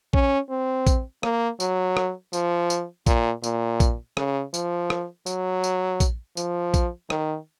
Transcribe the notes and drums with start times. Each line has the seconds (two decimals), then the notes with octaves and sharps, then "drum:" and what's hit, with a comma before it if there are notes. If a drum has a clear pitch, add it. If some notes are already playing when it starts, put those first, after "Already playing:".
0.13 C#4, drum: kick A#1
0.50 C4
0.87 drum: kick A#1, tambourine
1.23 A#3, drum: rim click
1.60 F#3, drum: tambourine
1.97 drum: rim click
2.33 F3, drum: tambourine
2.70 drum: tambourine
3.06 A#2, drum: kick A#1, tambourine
3.44 A#2, drum: tambourine
3.80 drum: kick A#1, tambourine
4.17 C#3, drum: rim click
4.54 F3, drum: tambourine
4.90 drum: rim click
5.26 F#3, drum: tambourine
5.64 drum: tambourine
6.00 drum: kick A#1, tambourine
6.37 F3, drum: tambourine
6.74 drum: kick A#1, tambourine
7.10 D#3, drum: rim click